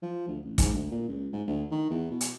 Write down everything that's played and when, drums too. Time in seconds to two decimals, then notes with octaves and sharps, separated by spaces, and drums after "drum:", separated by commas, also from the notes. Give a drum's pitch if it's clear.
0.02 F3
0.28 D2
0.45 A1
0.58 G#2, drum: kick, hi-hat
0.73 D2
0.91 A#2
1.08 C#2
1.33 G#2
1.47 D2
1.71 D#3
1.90 E2
2.11 B2
2.21 drum: hi-hat